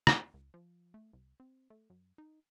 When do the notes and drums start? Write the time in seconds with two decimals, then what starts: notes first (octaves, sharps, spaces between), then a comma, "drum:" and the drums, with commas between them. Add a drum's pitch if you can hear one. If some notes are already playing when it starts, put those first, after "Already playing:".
0.07 D#2, drum: rim click
0.34 C#2
0.54 F3
0.94 A3
1.13 C2
1.40 C4
1.70 A3
1.90 F#2
2.18 D#4